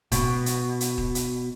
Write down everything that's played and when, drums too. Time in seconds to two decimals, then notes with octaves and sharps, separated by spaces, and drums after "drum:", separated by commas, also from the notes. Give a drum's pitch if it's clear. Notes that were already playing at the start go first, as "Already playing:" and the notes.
0.12 B2, drum: kick, hi-hat
0.46 drum: hi-hat
0.81 drum: hi-hat
0.98 drum: kick
1.15 drum: hi-hat